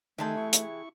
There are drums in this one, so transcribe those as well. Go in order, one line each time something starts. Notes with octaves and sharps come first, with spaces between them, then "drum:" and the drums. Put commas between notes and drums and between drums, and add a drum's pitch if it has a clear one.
C3 D#3 E3 A3 D#4 G#4 G5 A5
E4 C#6
drum: hi-hat